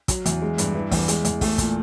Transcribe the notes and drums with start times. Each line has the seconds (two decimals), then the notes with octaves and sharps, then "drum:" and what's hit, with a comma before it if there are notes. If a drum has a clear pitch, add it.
0.08 F#3, drum: kick, hi-hat
0.26 E2, drum: hi-hat
0.42 G#3
0.58 G2, drum: hi-hat
0.75 E3
0.91 E2, drum: kick, open hi-hat
1.08 G#3, drum: hi-hat
1.25 E2, drum: hi-hat
1.41 A3, drum: kick, open hi-hat
1.58 A#2, drum: kick, hi-hat